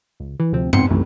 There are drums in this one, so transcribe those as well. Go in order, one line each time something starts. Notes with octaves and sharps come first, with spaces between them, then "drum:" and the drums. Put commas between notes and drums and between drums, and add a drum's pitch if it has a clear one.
C#2
E3
D2 C3 F3 C4
G#2 C3 B3 C4 C6 C#7, drum: tom F#2
B1 F#2 C3 D#3 E3 A3